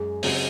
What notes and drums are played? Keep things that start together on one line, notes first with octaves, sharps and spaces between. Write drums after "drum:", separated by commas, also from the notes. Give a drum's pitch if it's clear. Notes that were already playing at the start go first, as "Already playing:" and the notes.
Already playing: F#2 G#3 G#4
C#3 F#3 C4, drum: open hi-hat